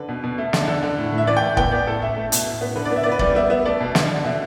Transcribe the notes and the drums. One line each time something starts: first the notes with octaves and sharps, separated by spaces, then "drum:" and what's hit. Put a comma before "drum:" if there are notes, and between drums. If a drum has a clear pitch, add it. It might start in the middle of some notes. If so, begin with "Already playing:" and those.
Already playing: D3 B4
B2
B2
A3
D3, drum: snare
D3 A4
D3
A2
A2
E5
E3 D5
G5
A2
B3 G5, drum: kick
B3 D5
A2 A4
A3 E5
A3
B2, drum: hi-hat
A2
B3
D3 B4
D5
B3
E5
B3 D5
B4
G3 D5, drum: kick
B3 E5
B3 E5
A3 D5
B2
D3, drum: snare
D3
B2 E5